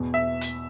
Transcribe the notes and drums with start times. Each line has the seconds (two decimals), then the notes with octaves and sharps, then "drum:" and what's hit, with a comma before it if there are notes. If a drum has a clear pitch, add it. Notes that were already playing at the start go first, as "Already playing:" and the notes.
Already playing: E2 B2
0.14 E5
0.41 drum: hi-hat